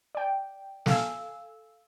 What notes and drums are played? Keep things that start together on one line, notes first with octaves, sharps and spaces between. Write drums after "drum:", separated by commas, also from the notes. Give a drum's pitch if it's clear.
D5 G5
A4 F5 G#5 E6, drum: snare